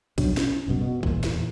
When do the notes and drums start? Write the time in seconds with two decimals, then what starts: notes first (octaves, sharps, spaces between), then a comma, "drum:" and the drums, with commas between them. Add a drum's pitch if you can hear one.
0.18 B1 F#3 D4, drum: kick, cymbal
0.37 C#4, drum: snare
0.66 F1 B1 G2 B2
0.81 B2
1.03 E1 A#2 E3, drum: kick
1.23 E2 A#2, drum: snare